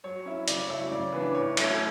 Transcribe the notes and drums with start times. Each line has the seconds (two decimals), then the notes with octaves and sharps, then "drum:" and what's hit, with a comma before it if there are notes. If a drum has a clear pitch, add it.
0.04 F#3 C#5
0.26 C#4 E4
0.48 C#3 D5, drum: hi-hat
0.62 C#5
0.69 F#3 A3 E4
0.91 C#3 D5
1.13 E3 B3 D4 B4
1.35 A2 C#5
1.57 F#3 A3 C#4, drum: cymbal